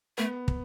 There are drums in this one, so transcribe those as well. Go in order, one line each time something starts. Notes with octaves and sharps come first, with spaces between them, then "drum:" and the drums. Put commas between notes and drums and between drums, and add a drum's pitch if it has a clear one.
A3 B3
drum: kick